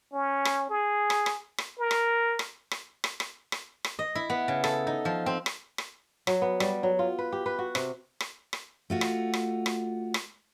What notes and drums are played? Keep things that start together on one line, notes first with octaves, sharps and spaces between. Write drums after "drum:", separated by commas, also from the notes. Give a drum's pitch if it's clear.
C#4
drum: rim click
G#4
drum: rim click
drum: rim click
drum: rim click
A#4
drum: rim click
drum: rim click
drum: rim click
drum: rim click
drum: rim click
drum: rim click
drum: rim click
D#5
E4
B3
C#3
A4, drum: rim click
D#4
F3
C4
drum: rim click
drum: rim click
F#3, drum: rim click
B3
G3, drum: rim click
F#3
F4
B4
G4
B4
F#4
C3, drum: rim click
drum: rim click
drum: rim click
A3 F4 F#4
drum: rim click
drum: rim click
drum: rim click
drum: rim click